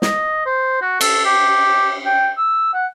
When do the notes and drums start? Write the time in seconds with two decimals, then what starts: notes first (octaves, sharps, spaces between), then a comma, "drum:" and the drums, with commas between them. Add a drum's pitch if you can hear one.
0.02 D#5, drum: snare
0.46 C5
0.82 F#4
1.01 A4, drum: cymbal
1.25 G4
2.05 G5
2.37 E6
2.73 F#5